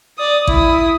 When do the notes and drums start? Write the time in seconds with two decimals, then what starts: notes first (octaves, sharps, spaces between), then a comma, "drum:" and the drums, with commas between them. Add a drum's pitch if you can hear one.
0.18 D5 D#6
0.47 E4 D#6, drum: kick A1